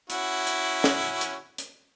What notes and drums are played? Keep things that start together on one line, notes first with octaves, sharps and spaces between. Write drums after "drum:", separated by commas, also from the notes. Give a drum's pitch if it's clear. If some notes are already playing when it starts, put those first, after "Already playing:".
C#4 E4 F#4, drum: hi-hat
drum: hi-hat
drum: snare
drum: hi-hat
drum: hi-hat